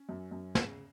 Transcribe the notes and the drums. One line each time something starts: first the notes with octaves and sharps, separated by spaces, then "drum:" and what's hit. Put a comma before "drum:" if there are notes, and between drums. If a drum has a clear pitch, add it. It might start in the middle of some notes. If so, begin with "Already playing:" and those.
Already playing: C#4
F#2
F#2
C#3, drum: snare